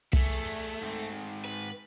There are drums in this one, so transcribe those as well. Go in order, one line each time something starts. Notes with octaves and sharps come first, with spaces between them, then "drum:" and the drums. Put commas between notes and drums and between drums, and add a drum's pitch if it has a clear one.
A3 G#4 E5, drum: kick
G#2 C4
B4